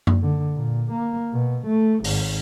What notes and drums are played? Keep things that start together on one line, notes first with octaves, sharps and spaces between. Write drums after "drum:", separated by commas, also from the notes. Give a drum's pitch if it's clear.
drum: tom F#2
D3
A#2
A#3
B2
A3
G#1, drum: open hi-hat